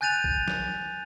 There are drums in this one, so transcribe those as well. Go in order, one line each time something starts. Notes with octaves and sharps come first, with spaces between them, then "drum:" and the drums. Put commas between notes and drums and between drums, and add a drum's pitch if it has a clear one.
G#5 F#6 G6 A6 D#7 F7
drum: kick
drum: snare